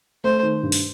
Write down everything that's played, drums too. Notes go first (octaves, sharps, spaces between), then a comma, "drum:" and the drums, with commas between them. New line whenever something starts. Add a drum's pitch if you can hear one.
A3 C5
D#3
G2
drum: open hi-hat